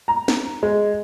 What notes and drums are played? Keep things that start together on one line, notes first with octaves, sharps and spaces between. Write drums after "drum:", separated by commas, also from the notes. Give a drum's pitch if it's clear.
A#5
drum: snare
G#3